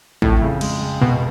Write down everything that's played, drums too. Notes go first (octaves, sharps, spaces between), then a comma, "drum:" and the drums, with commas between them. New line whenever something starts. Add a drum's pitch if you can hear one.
F2 A2, drum: kick
C#3
G#3, drum: cymbal
C#3
F1 B2